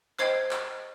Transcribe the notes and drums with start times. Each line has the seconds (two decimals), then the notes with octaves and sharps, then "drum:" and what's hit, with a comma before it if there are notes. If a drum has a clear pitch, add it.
0.19 C5 D#5 G5 G#6 C7, drum: clap
0.51 drum: clap